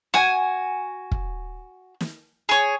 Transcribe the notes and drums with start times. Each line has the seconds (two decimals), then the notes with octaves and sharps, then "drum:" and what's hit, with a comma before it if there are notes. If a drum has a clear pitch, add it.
0.14 F#4 G#5, drum: rim click
1.11 drum: kick
2.01 drum: snare
2.49 G#4 C#5